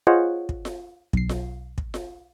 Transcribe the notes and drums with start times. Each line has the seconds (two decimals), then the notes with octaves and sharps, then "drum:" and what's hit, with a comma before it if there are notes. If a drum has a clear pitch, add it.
0.07 F4 G#4 C5 C#5 D#5 F#5
0.49 drum: kick
0.65 drum: snare F4
1.13 B1 C7, drum: kick
1.29 drum: snare F4
1.78 drum: kick
1.94 drum: snare F4